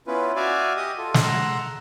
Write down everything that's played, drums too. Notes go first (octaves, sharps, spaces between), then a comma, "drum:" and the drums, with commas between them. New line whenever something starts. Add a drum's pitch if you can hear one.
B3 C#4 E4 F4 B4
F#4 D5 E5 F5 G#5
G4 D#5 D#6
F4 A4
drum: snare
F#5 A#5 C6 E6